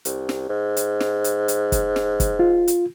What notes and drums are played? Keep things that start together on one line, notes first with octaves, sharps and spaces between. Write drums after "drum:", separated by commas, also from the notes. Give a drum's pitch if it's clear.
C2, drum: hi-hat
drum: snare
G#2
drum: hi-hat
drum: snare
drum: hi-hat
drum: hi-hat
drum: kick, hi-hat
drum: snare
drum: kick, hi-hat
F4
drum: hi-hat